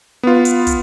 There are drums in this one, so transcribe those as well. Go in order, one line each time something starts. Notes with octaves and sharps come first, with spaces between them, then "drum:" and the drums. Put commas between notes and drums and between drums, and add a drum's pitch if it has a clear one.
B3 F4
drum: hi-hat
drum: kick, hi-hat